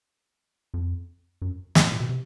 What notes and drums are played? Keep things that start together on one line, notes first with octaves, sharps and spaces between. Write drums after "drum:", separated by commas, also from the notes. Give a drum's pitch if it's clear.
F2
F#2
G2, drum: snare
A2
A#2
B2
C3